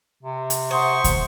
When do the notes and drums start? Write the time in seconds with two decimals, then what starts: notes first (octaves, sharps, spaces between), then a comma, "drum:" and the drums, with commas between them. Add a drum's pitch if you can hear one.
0.23 C3
0.50 drum: hi-hat
0.71 C5 E5 F#5 C6 C#6 D#6
1.04 drum: kick, hi-hat